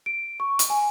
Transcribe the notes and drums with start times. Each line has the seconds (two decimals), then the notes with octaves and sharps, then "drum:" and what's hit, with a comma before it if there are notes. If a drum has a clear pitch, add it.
0.06 D7
0.40 C#6
0.59 drum: hi-hat
0.70 G#5